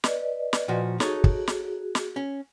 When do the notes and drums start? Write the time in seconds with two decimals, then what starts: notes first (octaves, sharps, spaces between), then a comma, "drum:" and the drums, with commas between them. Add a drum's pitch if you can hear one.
0.04 B4 D5 D#5, drum: snare
0.53 drum: snare
0.68 A#2 F3 F#4
1.00 D#4 F#4 G#4 A4 C#5, drum: snare
1.24 drum: kick
1.47 drum: snare
1.95 drum: snare
2.16 C#4